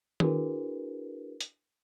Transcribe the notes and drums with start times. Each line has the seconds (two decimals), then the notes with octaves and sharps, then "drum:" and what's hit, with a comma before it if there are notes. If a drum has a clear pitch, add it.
0.20 D4 E4 F#4 G#4 A#4 B4, drum: tom D#3
1.40 drum: hi-hat